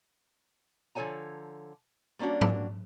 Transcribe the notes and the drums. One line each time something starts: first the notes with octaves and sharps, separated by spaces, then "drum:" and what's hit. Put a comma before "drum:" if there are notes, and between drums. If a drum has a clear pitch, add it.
D3 F3 A4 C#5 G#5 A#5
G3 A#3 C#4 D4 F#4
drum: tom G#2